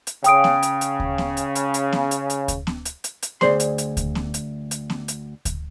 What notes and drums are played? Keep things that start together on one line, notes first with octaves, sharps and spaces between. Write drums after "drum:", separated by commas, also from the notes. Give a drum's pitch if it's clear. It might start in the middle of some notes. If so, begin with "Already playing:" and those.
drum: hi-hat
C#3 G5 D#6 D7, drum: hi-hat
drum: snare B3
drum: hi-hat
drum: hi-hat
drum: kick D2
drum: snare B3
drum: hi-hat
drum: hi-hat
drum: hi-hat
drum: snare B3
drum: hi-hat
drum: hi-hat
drum: kick D2, hi-hat
drum: snare B3
drum: hi-hat
drum: hi-hat
drum: hi-hat
D2 G#3 G#4 C5 D5 C6, drum: snare B3
drum: hi-hat
drum: hi-hat
drum: kick D2, hi-hat
drum: snare B3
drum: hi-hat
drum: hi-hat
drum: snare B3
drum: hi-hat
drum: kick D2, hi-hat